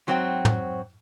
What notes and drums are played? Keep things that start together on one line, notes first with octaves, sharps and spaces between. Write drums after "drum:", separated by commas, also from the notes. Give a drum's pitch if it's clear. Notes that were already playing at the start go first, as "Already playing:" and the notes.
G#2 F#3 C4 F#4 C5 G5
drum: tom